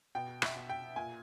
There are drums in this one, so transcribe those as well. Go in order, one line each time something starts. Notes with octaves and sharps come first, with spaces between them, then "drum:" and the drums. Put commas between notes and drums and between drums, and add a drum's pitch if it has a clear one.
B2 G5
E5, drum: rim click
B2
G5
A#2 G#5